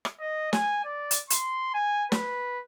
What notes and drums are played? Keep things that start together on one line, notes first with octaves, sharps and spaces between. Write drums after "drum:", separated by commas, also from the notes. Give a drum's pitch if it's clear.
drum: rim click
D#5
G#5, drum: snare
D5
drum: hi-hat
C6, drum: hi-hat
G#5
B4, drum: snare